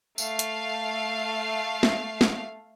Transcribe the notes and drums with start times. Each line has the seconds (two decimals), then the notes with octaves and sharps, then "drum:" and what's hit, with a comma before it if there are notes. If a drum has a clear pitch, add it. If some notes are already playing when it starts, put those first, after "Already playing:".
0.18 A3 F5 C7, drum: tambourine
0.39 drum: hi-hat
1.83 drum: snare
2.21 drum: snare